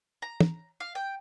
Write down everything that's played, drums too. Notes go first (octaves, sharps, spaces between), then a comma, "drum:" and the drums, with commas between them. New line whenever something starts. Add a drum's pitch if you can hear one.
A#5
drum: tom
F5
G5